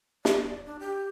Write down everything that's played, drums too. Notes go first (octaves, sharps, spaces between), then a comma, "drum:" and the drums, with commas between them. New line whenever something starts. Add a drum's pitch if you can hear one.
D5, drum: snare
D4
G4